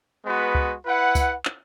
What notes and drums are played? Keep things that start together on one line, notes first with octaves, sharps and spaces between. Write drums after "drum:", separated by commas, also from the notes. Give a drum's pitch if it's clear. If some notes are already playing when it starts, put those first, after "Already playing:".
G#3 B3 F#4 B4
drum: kick C#2
E4 B4 F#5
drum: kick C#2, tambourine
drum: clap